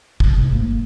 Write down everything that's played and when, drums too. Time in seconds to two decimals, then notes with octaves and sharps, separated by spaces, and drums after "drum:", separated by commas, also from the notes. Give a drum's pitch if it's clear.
0.20 C3, drum: kick
0.38 G#2
0.54 A#3